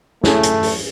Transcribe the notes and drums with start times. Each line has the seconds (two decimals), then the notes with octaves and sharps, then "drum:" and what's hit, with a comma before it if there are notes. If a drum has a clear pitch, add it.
0.24 A3 C#4 E4 G#4, drum: snare
0.43 drum: hi-hat
0.63 drum: open hi-hat